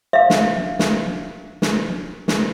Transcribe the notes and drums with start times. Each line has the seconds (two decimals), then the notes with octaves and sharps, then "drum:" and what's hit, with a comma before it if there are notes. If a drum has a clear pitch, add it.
0.13 E5 F5
0.30 drum: snare
0.79 drum: snare
1.62 drum: snare
2.28 drum: snare